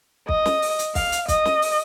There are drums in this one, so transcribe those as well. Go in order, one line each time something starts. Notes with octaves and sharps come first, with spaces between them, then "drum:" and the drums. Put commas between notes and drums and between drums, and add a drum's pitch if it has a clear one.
D#5, drum: kick
drum: snare
drum: open hi-hat
drum: hi-hat
F5, drum: kick, open hi-hat
drum: hi-hat
D#5, drum: kick, hi-hat
drum: snare
drum: open hi-hat